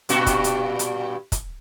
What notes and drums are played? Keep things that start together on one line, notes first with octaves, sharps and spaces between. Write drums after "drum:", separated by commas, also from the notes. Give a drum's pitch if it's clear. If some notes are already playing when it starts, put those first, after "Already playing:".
G2 A#2 F#4, drum: hi-hat
drum: kick, hi-hat
drum: hi-hat
drum: hi-hat
drum: kick, hi-hat